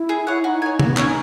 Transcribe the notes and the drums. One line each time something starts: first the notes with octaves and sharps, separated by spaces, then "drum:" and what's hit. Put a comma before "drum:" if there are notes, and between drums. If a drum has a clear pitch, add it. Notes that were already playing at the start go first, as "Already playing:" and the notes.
Already playing: E4
G#4
C#5 F#5
D#4 F#4
C#5 G#5
A#3 F#4, drum: tom
B3
C#4 C#5 G#5, drum: clap
D#4